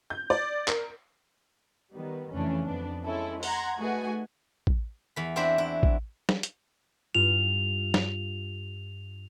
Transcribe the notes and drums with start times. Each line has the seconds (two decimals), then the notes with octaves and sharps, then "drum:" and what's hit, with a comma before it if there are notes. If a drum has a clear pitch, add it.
0.10 G6
0.30 D5
0.68 A#4, drum: clap
1.94 D#3 G3 B3
2.33 F2 C#3 E3 A3 C#4 D4
2.65 F2 B3 D4
3.03 G#3 C#4 E4 A4
3.43 F#5 A#5 C6 G#6, drum: open hi-hat
3.78 A3 D#4 F#4 G#4 B4 G#5
4.67 drum: kick A1
5.16 E2 B5
5.36 C4 D4 E4 F#4 C5 E5
5.58 E4
5.83 drum: kick A1
6.29 drum: snare
6.43 drum: hi-hat
7.15 G2 F4 F7
7.94 drum: snare